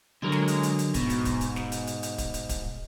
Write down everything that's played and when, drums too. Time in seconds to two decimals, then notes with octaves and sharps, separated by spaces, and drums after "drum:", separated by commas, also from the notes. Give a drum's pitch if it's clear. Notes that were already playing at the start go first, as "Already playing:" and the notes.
0.22 D3 F#3 G#3 A#4
0.32 drum: snare
0.48 drum: hi-hat
0.63 drum: hi-hat
0.79 drum: hi-hat
0.94 G#2 B2, drum: kick, hi-hat
1.10 drum: hi-hat
1.25 drum: kick, hi-hat
1.41 drum: hi-hat
1.56 drum: snare
1.72 drum: hi-hat
1.87 drum: hi-hat
2.03 drum: hi-hat
2.18 drum: kick, hi-hat
2.34 drum: hi-hat
2.49 drum: kick, hi-hat